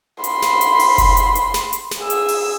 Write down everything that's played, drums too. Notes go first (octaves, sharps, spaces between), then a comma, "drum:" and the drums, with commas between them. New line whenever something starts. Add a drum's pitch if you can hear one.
B5 C6, drum: hi-hat
drum: snare
drum: hi-hat
drum: open hi-hat
drum: kick F#1, hi-hat
drum: hi-hat
drum: hi-hat
drum: snare
drum: hi-hat
drum: snare
G#4 E6
drum: hi-hat
drum: open hi-hat